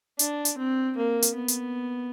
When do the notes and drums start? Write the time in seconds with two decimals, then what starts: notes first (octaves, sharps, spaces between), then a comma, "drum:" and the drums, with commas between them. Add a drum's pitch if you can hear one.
0.19 D4, drum: hi-hat
0.45 drum: hi-hat
0.58 C4
0.97 A#3
1.22 drum: hi-hat
1.36 B3
1.48 drum: hi-hat